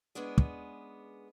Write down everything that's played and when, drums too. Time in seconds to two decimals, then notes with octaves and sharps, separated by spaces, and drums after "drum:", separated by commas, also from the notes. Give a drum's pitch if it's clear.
0.15 G#3 B3 C#4 D4 G#4
0.38 drum: kick